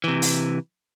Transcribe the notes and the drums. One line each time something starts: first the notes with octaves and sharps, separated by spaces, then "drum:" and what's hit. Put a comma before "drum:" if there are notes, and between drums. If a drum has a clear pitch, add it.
C3 E3
drum: open hi-hat